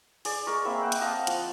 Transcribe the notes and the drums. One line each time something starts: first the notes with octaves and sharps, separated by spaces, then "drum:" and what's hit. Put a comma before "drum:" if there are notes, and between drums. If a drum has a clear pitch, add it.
G#4 D5, drum: open hi-hat
G#3 A#4 C#6
A#3 C4 E5 B5
A#3 F#5 G5
drum: hi-hat
D#5 F5 F#5 A5
F3, drum: hi-hat